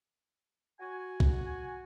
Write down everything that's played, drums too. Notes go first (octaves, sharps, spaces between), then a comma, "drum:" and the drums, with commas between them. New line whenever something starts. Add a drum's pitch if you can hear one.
F#4 G#5
drum: kick B1